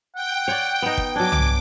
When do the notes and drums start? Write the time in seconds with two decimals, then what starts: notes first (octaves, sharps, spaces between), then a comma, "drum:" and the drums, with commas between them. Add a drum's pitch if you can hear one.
0.15 F#5 G5
0.48 C#5 D5
0.82 B3 D#4
0.98 drum: kick
1.16 F#3 D4 G#5 D6
1.32 drum: tom